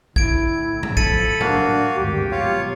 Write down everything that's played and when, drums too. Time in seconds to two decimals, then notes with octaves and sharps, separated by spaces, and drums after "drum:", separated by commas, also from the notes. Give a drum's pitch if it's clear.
0.16 A2 D3 E4 G#6 D7, drum: kick
0.83 drum: tom G#2
0.97 F3 A4 B5 A6 C#7 D#7, drum: kick
1.41 A#3 D4 F#4 F5, drum: tom G#2
1.96 G#1 D2 G2 G4
2.31 B2 F#3 F4 C#5 F5